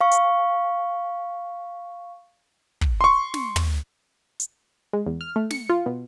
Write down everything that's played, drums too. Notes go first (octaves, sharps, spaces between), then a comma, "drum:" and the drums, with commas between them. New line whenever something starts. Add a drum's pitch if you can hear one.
F5 C#6
drum: hi-hat
drum: kick
C6 C#6
drum: snare
drum: tom
drum: hi-hat
G#3
E2
F6
A3
C#7, drum: snare
F4
B2